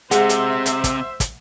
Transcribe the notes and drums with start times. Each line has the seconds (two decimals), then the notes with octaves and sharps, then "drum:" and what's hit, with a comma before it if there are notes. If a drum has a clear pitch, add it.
0.11 C3 G#3 C5 E5 F#5, drum: hi-hat
0.29 drum: hi-hat
0.66 drum: hi-hat
0.84 drum: kick, hi-hat
1.20 drum: kick, hi-hat